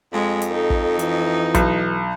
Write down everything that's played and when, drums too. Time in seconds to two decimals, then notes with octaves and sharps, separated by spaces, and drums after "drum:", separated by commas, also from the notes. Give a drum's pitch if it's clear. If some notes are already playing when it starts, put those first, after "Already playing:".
0.13 F2 G#3
0.42 drum: hi-hat
0.51 D#4 A4
0.70 drum: kick
0.99 E3, drum: hi-hat
1.55 B1, drum: kick, hi-hat